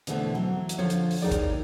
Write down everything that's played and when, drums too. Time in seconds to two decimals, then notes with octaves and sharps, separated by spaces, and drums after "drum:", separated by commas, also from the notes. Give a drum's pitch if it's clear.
0.07 B2 D3 E3 A3 B3 C4, drum: hi-hat
0.35 E3 F#3
0.69 drum: hi-hat
0.78 D3 F3 F4 C#5
0.90 drum: hi-hat
1.11 drum: open hi-hat
1.22 D#2 D#4 E4 G#4 D5
1.31 drum: kick, hi-hat